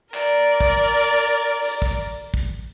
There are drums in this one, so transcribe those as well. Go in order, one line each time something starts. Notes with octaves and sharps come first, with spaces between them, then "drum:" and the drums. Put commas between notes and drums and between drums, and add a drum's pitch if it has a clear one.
A#4 D5, drum: clap
drum: kick
drum: open hi-hat
drum: kick
drum: kick